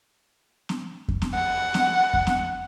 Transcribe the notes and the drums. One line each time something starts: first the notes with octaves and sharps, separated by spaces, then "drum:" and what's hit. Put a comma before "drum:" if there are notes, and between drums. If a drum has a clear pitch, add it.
drum: snare
drum: kick F2
drum: snare
F#5
drum: snare
drum: kick F2
drum: snare